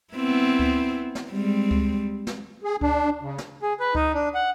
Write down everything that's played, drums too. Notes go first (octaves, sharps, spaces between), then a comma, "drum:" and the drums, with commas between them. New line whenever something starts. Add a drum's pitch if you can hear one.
B3 C4 E4
drum: kick C#2
drum: snare
G3 G#3 C4
drum: kick C#2
drum: snare
G#4
D4, drum: kick C#2
C#3
drum: snare
G#4
B4
D#4, drum: kick C#2
D4
F#5